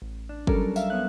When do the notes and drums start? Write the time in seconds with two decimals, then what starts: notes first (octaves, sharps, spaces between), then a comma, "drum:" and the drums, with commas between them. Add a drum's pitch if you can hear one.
0.02 A1
0.29 D4
0.47 F#3 G3 C#4 D4 A4 A#4, drum: kick
0.76 E5 F5, drum: tambourine
0.90 B3 C#4 F#6